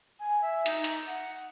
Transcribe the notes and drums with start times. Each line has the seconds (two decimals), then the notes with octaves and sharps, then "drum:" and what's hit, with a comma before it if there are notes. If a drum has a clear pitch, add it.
0.20 G#5
0.42 E5
0.66 D#4, drum: hi-hat
0.84 drum: hi-hat
1.07 F#5